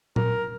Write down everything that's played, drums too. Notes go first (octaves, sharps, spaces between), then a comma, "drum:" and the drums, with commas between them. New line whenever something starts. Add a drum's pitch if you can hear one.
A#4, drum: tom A#2